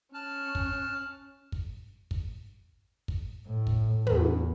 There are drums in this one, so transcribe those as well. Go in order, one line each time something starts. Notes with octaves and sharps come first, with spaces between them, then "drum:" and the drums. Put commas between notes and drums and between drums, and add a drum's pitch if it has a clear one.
C#4 A5 F6 F#6
drum: kick
drum: kick
drum: kick
drum: kick
A2
drum: kick
E2, drum: tom